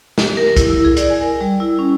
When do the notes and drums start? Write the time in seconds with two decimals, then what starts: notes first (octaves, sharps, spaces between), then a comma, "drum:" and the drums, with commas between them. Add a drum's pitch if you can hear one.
0.18 G4, drum: snare
0.37 A#4
0.57 E4, drum: kick, hi-hat
0.70 E4
0.85 G#4
0.97 D5, drum: hi-hat
1.10 G#5
1.22 A#4
1.41 G3
1.60 E4
1.79 C#4